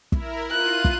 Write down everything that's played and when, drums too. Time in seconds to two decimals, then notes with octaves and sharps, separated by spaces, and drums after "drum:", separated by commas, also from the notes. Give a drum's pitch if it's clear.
0.12 E4 A#4, drum: kick
0.51 F4 F#6 D#7
0.85 drum: kick